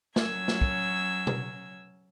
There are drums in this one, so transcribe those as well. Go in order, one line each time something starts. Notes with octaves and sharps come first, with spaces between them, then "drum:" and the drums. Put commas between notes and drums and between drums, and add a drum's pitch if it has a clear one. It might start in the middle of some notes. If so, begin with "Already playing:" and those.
F#3 C#4 E6 G#6, drum: snare
drum: snare
drum: kick
drum: tom B2